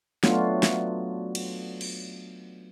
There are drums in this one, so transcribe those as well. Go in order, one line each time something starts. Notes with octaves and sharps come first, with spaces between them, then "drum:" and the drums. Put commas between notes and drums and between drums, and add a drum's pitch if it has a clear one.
F#3 A3 B3 D4 F4 F#4, drum: snare
drum: snare
drum: cymbal
drum: cymbal